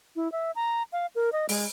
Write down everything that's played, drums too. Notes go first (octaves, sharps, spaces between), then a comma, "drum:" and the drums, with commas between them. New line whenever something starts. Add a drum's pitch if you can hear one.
E4
E5
A#5
F5
A#4
D#5
G#3, drum: open hi-hat